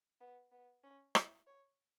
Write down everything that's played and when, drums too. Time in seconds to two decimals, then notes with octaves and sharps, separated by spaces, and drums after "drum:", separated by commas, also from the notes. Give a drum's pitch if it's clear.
0.20 B3
0.52 B3
0.84 C#4
1.15 E4, drum: rim click
1.47 C#5